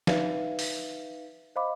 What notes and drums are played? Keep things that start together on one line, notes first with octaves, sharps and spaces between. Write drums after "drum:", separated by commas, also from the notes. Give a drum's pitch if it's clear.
D#4 B4 E5 F5, drum: snare
drum: open hi-hat
C5 D#5 F5 B5 D6